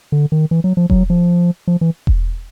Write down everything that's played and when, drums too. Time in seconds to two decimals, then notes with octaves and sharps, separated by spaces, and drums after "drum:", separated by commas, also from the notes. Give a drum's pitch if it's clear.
0.12 D3
0.32 D#3
0.51 E3
0.64 F#3
0.77 F3
0.90 F#3, drum: kick E1
1.10 F3
1.67 F3
1.81 E3
2.07 drum: kick E1